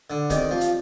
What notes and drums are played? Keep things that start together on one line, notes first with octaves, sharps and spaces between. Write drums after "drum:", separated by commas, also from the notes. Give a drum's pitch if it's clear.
D3
D#3 C4 G4 D5, drum: kick, hi-hat
F3
drum: hi-hat